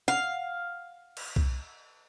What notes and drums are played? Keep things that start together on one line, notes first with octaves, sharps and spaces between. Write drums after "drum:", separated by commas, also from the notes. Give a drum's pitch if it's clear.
F5 F#5, drum: snare
drum: cymbal
drum: kick